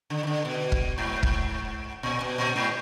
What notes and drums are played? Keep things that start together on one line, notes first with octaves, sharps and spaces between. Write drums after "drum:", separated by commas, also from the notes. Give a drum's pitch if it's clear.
D3
D#3
D3
B2
drum: kick
G#2
drum: kick
A#2
B2
A#2
G#2